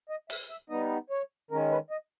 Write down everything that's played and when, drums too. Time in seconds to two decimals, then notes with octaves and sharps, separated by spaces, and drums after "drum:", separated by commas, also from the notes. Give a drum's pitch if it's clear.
0.09 D#5
0.30 E5, drum: open hi-hat
0.50 E5
0.70 G3 B3 D#4 D#5
1.10 C#5
1.51 D#3 G#3 C#4 A#4
1.71 B4
1.91 D#5